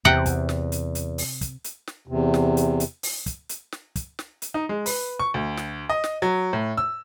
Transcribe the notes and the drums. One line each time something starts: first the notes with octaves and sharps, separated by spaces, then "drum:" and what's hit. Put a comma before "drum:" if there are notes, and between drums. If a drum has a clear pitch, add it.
E2 C3 F#5 G5
drum: kick, hi-hat
drum: snare
drum: hi-hat
drum: hi-hat
drum: open hi-hat
drum: kick, hi-hat
drum: hi-hat
drum: snare
E2 C3
drum: snare
drum: hi-hat
drum: hi-hat
drum: open hi-hat
drum: kick, hi-hat
drum: hi-hat
drum: snare
drum: kick, hi-hat
drum: snare
drum: hi-hat
D#4
G#3
B4, drum: open hi-hat
C#6
D2
drum: snare
D#5
drum: snare
F#3
A2
E6